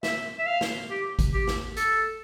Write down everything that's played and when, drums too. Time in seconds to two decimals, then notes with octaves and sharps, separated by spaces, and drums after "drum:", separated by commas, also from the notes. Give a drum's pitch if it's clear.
0.03 E5, drum: snare
0.39 E5
0.46 F5
0.61 drum: snare
0.90 G4
1.19 drum: kick G#1, hi-hat
1.33 G4
1.47 drum: snare
1.77 A4, drum: hi-hat